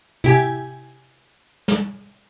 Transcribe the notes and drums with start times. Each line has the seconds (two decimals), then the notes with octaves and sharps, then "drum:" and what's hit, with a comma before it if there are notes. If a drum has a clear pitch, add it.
0.24 E4 G4 G#5, drum: tom
1.68 drum: snare